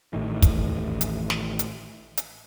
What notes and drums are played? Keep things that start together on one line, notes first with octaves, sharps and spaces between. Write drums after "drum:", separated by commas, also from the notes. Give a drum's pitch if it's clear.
A1 A2 D#3 E3
drum: kick, hi-hat
drum: hi-hat
drum: snare
drum: hi-hat
drum: hi-hat